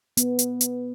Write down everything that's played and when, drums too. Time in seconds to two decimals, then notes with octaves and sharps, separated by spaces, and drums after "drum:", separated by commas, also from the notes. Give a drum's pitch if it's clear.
0.17 B3, drum: hi-hat
0.39 drum: hi-hat
0.61 drum: hi-hat